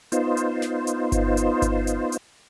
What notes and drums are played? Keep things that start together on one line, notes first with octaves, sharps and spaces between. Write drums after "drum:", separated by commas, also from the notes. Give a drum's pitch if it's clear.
B3 D#4 F4 C5, drum: hi-hat
drum: hi-hat
drum: snare
drum: hi-hat
drum: kick G1, hi-hat
drum: hi-hat
drum: kick G1, hi-hat
drum: hi-hat
drum: hi-hat